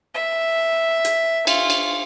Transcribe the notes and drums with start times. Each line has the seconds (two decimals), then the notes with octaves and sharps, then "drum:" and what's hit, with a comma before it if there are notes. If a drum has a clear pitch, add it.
0.14 E5
1.05 drum: hi-hat
1.47 F4, drum: cymbal
1.70 drum: cymbal